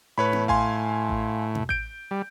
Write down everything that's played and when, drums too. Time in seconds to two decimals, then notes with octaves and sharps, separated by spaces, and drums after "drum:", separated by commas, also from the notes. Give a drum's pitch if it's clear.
0.18 A2 B4 C#5 B5
0.33 drum: tom B3
0.48 F5 G#5 C6, drum: kick A1
1.09 drum: kick A1
1.55 drum: tom B2
1.69 G6 D7, drum: kick A1
2.11 G3